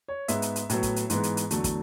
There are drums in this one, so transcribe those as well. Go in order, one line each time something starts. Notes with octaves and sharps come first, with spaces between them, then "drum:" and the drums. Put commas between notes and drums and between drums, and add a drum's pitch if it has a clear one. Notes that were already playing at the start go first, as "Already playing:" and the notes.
C#5
G#2 G#3 B3 E5, drum: hi-hat
drum: hi-hat
drum: hi-hat
A2 F#3 B3, drum: hi-hat
drum: kick, hi-hat
drum: hi-hat
G#2 E3 G#3 B3, drum: hi-hat
drum: hi-hat
drum: hi-hat
E2 D3 F#3 A3, drum: hi-hat
drum: kick, hi-hat